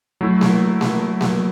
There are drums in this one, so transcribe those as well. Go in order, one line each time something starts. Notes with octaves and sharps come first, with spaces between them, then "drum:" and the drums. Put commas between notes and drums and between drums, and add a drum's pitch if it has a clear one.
F#3 A3 E4
drum: snare A#3
drum: snare A#3
drum: snare A#3